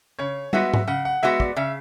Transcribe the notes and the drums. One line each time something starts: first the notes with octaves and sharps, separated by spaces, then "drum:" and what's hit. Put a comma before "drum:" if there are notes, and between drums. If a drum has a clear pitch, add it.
C#3 C#5
G#3 B3 F#4 E5, drum: tom
drum: tom G#2
C#3 F#5
F#5
G#3 B3 F#4 E5
D5, drum: kick
C#3 E5